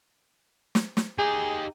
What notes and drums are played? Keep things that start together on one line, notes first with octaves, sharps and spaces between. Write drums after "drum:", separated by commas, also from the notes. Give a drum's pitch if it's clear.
drum: snare
drum: snare
D#4 G4 G#4